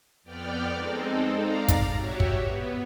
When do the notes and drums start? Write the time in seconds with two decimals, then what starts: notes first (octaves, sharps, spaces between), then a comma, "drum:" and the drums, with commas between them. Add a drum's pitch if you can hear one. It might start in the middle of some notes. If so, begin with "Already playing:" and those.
0.23 F2 B3 D5 G5 F6
0.74 G#3 C4 D#4 A4
1.34 D5 F5 A#5
1.68 drum: kick, hi-hat
1.95 F#4 G4 C#5 E5
2.20 drum: kick
2.40 B3